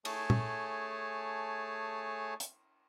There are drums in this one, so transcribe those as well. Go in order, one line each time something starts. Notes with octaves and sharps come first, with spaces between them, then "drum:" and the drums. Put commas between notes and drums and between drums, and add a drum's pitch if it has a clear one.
A3 G#4 C#5 G#5 A5, drum: cymbal
drum: tom
drum: hi-hat